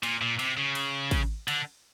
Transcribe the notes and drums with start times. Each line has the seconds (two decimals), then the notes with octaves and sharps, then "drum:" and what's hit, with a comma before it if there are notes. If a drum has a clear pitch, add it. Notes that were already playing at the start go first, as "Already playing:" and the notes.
0.03 A#2, drum: cymbal
0.21 A#2
0.39 C3, drum: cymbal
0.57 C#3
0.75 drum: cymbal
1.11 drum: kick, cymbal
1.48 D3, drum: cymbal